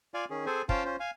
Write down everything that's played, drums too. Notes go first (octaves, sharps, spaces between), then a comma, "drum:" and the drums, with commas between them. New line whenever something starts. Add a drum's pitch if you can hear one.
F4 D5 F5 G#5
D#3 C#4 G#4
C4 G#4 A4 C5 G#5
C#4 F4 C5 F5 G5 A5, drum: kick
C#4 F4 C5
F5 G#5